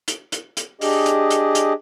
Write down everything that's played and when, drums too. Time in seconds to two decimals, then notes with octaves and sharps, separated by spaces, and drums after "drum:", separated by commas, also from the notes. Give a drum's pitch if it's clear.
0.08 drum: hi-hat
0.32 drum: hi-hat
0.57 drum: hi-hat
0.81 D4 G4 G#4 D#5, drum: open hi-hat
1.06 drum: hi-hat
1.30 drum: hi-hat
1.55 drum: hi-hat